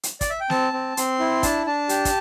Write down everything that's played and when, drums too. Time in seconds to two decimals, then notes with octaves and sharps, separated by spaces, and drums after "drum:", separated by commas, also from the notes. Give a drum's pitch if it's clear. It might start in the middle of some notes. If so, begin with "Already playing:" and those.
0.03 drum: hi-hat
0.21 D5, drum: kick, hi-hat
0.30 E5
0.41 G5
0.50 C4 A5, drum: snare
0.73 C4
0.97 C4 C6, drum: hi-hat
1.20 E4
1.43 D4 A5, drum: kick, hi-hat
1.66 D4 A5
1.89 G4, drum: hi-hat
2.05 drum: kick, hi-hat